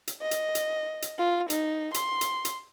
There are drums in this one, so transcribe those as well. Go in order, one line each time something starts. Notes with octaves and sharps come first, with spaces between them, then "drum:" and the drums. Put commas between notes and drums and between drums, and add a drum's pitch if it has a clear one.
drum: hi-hat
D#5
drum: hi-hat
drum: hi-hat
drum: hi-hat
F4
D#4, drum: hi-hat
C6, drum: hi-hat
drum: hi-hat
drum: hi-hat